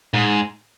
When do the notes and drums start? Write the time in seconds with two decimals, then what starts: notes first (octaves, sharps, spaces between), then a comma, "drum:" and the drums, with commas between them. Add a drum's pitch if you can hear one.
0.14 G#2, drum: tom A2